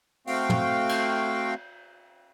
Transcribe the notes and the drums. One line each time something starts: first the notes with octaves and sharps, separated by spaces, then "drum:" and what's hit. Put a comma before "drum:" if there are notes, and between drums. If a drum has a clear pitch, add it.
A3 C4 F#4 F5 G5, drum: open hi-hat
drum: tom
drum: cymbal